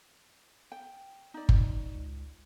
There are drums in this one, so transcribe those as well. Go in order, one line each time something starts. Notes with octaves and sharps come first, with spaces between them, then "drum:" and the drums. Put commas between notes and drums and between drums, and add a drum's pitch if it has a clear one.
G5
D#4 D5
drum: kick G1
A1
C#2